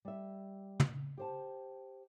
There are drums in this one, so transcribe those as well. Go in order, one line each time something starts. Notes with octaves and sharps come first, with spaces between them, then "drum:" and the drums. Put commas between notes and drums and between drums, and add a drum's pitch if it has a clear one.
G3 E5
drum: tom
G4 C5 A5